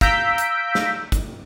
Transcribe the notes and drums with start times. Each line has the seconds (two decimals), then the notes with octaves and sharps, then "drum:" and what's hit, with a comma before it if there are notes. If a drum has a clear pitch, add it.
0.01 F5 A#5 E6 G6 B6 D7, drum: kick, hi-hat
0.38 drum: hi-hat
0.75 drum: snare
1.12 drum: kick, hi-hat